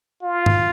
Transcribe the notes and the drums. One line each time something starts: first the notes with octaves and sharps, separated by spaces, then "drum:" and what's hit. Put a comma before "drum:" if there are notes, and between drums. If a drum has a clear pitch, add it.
F4
drum: tom G2